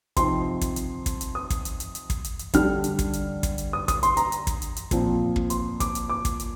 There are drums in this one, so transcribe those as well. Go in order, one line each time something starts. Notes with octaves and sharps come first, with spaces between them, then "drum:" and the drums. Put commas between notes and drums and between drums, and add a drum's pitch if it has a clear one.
C3 F3 C4 D#4 C6, drum: kick, hi-hat
drum: kick, hi-hat
drum: hi-hat
drum: kick, hi-hat
drum: hi-hat
D#6
drum: kick, hi-hat
drum: hi-hat
drum: hi-hat
drum: hi-hat
drum: kick, hi-hat
drum: hi-hat
drum: hi-hat
D3 G3 D4 F6, drum: kick, hi-hat
drum: hi-hat
drum: kick, hi-hat
drum: hi-hat
drum: kick, hi-hat
drum: hi-hat
D#6
D#6, drum: kick, hi-hat
C6, drum: hi-hat
A#5, drum: hi-hat
drum: hi-hat
drum: kick, hi-hat
drum: hi-hat
drum: hi-hat
A#2 F3 C4, drum: kick, hi-hat
drum: kick
C6, drum: hi-hat
D6, drum: kick, hi-hat
drum: hi-hat
D6
drum: kick, hi-hat
drum: hi-hat